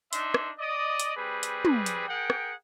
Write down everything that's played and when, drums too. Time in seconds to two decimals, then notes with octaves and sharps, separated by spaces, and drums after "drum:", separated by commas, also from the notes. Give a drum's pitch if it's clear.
0.13 D4 D#4 E5 C6, drum: hi-hat
0.34 drum: rim click
0.59 D5 D#5
1.00 drum: hi-hat
1.16 G3 C4 G#4 B4
1.43 drum: hi-hat
1.65 drum: tom
1.86 drum: hi-hat
2.08 G#4 A#4 F#5 G5
2.30 drum: rim click